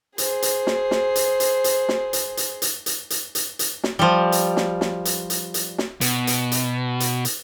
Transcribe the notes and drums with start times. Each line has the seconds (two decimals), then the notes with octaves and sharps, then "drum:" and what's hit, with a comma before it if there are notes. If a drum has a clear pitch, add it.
0.18 G#4 C5, drum: hi-hat
0.42 drum: hi-hat
0.67 drum: snare
0.91 drum: snare
1.15 drum: hi-hat
1.40 drum: hi-hat
1.64 drum: hi-hat
1.89 drum: snare
2.13 drum: hi-hat
2.37 drum: hi-hat
2.62 drum: hi-hat
2.86 drum: hi-hat
3.10 drum: hi-hat
3.35 drum: hi-hat
3.59 drum: hi-hat
3.84 drum: snare
3.99 F3 G3
4.32 drum: hi-hat
4.57 drum: snare
4.81 drum: snare
5.05 drum: hi-hat
5.30 drum: hi-hat
5.54 drum: hi-hat
5.78 drum: snare
6.01 B2, drum: hi-hat
6.27 drum: hi-hat
6.52 drum: hi-hat
7.00 drum: hi-hat
7.25 drum: hi-hat